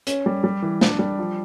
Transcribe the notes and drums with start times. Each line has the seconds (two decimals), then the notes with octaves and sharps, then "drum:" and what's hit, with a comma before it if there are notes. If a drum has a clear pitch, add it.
0.07 C#4, drum: hi-hat
0.26 G3
0.44 G3
0.62 E3
0.81 D4, drum: snare A#3
0.99 G3
1.19 F3